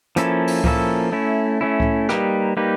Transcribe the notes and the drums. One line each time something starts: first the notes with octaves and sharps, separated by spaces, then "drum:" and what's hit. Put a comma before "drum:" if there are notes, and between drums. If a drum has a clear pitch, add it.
F3 A#3 C#4 E4 A4, drum: hi-hat
drum: open hi-hat
F3 A#3 C#4 E4 A4, drum: kick C#2
A3 C#4 E4
A3 C#4 E4
drum: kick C#2
G3 A#3 D#4 G4 B4, drum: rim click
G3 A#3 D#4 G4 B4